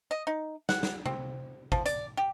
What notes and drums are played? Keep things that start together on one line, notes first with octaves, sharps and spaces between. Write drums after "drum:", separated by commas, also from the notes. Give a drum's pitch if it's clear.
D#5
D#4
F#5, drum: snare
drum: snare
C4, drum: tom C3
F3, drum: kick
D5, drum: hi-hat
G4